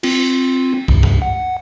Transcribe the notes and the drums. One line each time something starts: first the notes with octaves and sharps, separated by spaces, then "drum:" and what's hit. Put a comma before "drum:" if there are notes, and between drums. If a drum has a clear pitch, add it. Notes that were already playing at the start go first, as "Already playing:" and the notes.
C4 F4, drum: cymbal
C#2 G2 C3, drum: kick
drum: tom G2
F#5